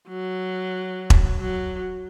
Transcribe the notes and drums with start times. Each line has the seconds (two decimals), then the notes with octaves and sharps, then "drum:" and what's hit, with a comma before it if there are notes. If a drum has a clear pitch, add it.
0.09 F#3
1.10 drum: kick E1
1.40 F#3